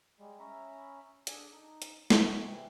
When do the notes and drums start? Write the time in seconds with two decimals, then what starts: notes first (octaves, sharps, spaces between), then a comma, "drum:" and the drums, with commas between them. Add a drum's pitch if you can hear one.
0.19 G3 G#3
0.40 C#4 E5 A#5 B5
1.27 D4 G#4 A4 G#5, drum: hi-hat
1.52 D#4
1.82 drum: hi-hat
2.10 D3 E3 A#3 D#4 F#4, drum: snare
2.44 C3 E3 G3